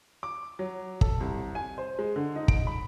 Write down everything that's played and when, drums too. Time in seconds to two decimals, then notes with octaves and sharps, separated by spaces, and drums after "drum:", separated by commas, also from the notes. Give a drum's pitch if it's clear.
0.23 D6
0.59 F#3
1.01 A4, drum: kick
1.20 C2
1.55 G#5
1.78 C5
1.99 G#3
2.16 D3
2.36 D#4
2.48 D7, drum: kick
2.67 B5